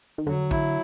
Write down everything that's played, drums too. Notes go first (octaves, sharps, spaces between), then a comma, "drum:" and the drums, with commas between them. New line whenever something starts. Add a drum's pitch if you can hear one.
D#3
D3 F#3, drum: tom
E4, drum: kick